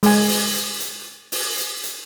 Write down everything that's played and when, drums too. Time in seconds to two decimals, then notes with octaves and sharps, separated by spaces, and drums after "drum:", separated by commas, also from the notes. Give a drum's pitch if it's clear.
0.03 G#3 G#5, drum: open hi-hat
0.29 drum: open hi-hat
0.54 drum: hi-hat
0.80 drum: hi-hat
1.32 drum: open hi-hat
1.58 drum: hi-hat
1.84 drum: hi-hat